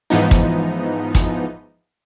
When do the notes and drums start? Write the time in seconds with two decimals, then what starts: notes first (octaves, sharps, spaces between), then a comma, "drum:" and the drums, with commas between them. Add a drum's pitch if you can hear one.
0.10 G#2 E3 F3 B3 D#4
0.31 drum: kick, hi-hat
1.15 drum: kick, hi-hat